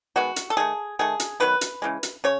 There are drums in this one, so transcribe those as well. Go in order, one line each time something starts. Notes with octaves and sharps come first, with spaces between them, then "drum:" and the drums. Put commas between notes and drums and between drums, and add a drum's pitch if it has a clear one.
D#3 G#3 B3 F#4
drum: hi-hat
A4
D#3 A3 G#4
D#3 A3 G#4
drum: hi-hat
D#3 F#3 B3 B4
drum: hi-hat
C#3 E3 G#3
drum: hi-hat
C#3 C#5